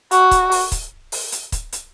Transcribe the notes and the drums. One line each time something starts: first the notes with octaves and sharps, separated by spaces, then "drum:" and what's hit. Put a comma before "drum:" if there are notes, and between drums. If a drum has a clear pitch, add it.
F#4, drum: hi-hat
drum: kick, hi-hat
drum: open hi-hat
drum: kick, hi-hat
drum: open hi-hat
drum: hi-hat
drum: kick, hi-hat
drum: hi-hat